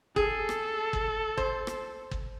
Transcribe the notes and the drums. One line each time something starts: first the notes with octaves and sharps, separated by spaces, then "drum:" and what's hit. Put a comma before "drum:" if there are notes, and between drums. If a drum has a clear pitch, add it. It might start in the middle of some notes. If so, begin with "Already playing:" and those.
G#4 A4, drum: kick G1
drum: rim click
drum: kick G1
C5, drum: kick G1
drum: rim click
drum: kick G1